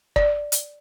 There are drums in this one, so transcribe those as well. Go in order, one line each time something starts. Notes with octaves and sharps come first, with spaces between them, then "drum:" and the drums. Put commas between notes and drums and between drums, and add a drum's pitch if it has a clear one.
D5, drum: kick
drum: hi-hat